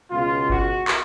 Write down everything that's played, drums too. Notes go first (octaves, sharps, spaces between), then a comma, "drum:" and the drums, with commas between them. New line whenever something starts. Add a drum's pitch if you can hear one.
C#2 B2 G#3 F4
F#4, drum: kick G1
drum: clap